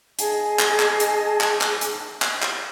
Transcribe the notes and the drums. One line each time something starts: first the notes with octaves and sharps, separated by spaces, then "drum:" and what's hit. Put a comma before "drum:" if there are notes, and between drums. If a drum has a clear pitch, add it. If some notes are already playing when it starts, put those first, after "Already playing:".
G#4 D#5 G#5 A5, drum: hi-hat
drum: clap
drum: clap
drum: hi-hat
drum: clap
drum: clap
drum: hi-hat
drum: clap
drum: clap